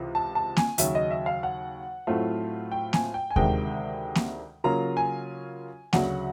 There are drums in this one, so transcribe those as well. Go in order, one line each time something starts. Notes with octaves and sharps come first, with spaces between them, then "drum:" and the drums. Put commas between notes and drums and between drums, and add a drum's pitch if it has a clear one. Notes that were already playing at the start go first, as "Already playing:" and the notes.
Already playing: C#2 C3 E3
A5
A5
G#5, drum: snare A#3
D#2 C#3 F#3 E5, drum: hi-hat
D#5
E5
F5
F#5
A2 F#3 A3 C4 F4
G5
G#5, drum: snare A#3
G5
G#5
D2 C3 D#3 G#3 G5, drum: kick D#2
drum: snare A#3
C#3 F#3 A#3 C#4 F4 A#5
G#5
D2 C#3 F#3 F#5, drum: snare A#3